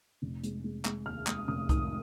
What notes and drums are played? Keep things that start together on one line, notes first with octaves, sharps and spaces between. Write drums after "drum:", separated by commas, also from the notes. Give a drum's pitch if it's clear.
F1
G#3, drum: hi-hat
G#3
G#3, drum: clap
D#2 F6
G#3 D#6, drum: clap
F1 D#6
D#3 D#6, drum: kick C2, hi-hat